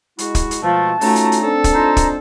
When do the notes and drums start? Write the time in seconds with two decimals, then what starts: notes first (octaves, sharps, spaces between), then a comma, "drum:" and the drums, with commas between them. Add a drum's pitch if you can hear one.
0.18 G#3 E4 F#4, drum: hi-hat
0.35 drum: kick, hi-hat
0.51 drum: hi-hat
0.63 B2 F3 G#3 A3 A5
1.01 A3 C#4 D#4 F4 F#4 A#5, drum: open hi-hat
1.16 drum: hi-hat
1.32 drum: hi-hat
1.42 C4 D4 A4
1.64 drum: kick, hi-hat
1.73 D#4 F4 C5 A#5
1.97 drum: kick, hi-hat